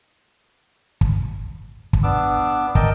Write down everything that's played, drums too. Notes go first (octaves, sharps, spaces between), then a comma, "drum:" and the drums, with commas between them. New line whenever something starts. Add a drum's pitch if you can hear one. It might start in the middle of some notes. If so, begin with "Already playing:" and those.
drum: kick
drum: kick
B3 D4 D6 E6
A#4 D#5 G5 A5, drum: kick